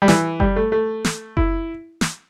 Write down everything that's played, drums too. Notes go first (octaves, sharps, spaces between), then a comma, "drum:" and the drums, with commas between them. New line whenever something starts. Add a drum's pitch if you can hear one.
G3
E3, drum: snare
G3, drum: kick F#1
A3
A3
drum: snare
E4, drum: kick F#1
drum: snare